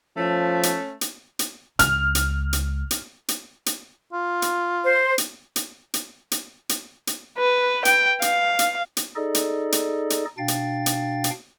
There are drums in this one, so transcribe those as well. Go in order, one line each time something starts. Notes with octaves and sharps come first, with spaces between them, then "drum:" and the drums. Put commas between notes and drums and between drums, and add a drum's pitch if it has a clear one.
F3 A3 C#4
drum: hi-hat
drum: hi-hat
drum: hi-hat
C#2 F6, drum: hi-hat
drum: hi-hat
drum: hi-hat
drum: hi-hat
drum: hi-hat
drum: hi-hat
F4
drum: hi-hat
C5
drum: hi-hat
drum: hi-hat
drum: hi-hat
drum: hi-hat
drum: hi-hat
drum: hi-hat
B4
G5, drum: hi-hat
F5, drum: hi-hat
drum: hi-hat
drum: hi-hat
D#4 G#4 A4 D5 D#5
drum: hi-hat
drum: hi-hat
drum: hi-hat
B2 D4 F5 G5 A6
drum: hi-hat
drum: hi-hat
drum: hi-hat